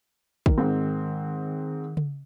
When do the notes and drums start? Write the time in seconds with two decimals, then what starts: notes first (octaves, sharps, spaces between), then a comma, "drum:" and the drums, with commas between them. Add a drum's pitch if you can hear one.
0.46 D#3, drum: kick
0.58 G#2 C4
1.97 drum: tom C#3